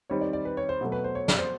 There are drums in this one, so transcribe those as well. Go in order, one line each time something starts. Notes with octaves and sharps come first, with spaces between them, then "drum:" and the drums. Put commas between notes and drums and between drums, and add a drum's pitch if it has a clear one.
D#3 G3 C4 D#4 C#5
D5
D5
B4
C#5
C5
B2 F#3 A3
B4
C5
C#5
D5, drum: snare
C5